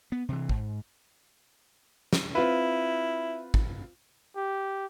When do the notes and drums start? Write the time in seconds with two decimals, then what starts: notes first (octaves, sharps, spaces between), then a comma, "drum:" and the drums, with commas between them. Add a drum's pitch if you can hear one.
0.12 B3
0.29 C3 E3
0.49 G#2, drum: kick
2.13 drum: snare
2.35 C4 E4 F4 B4
3.54 drum: kick
4.37 G4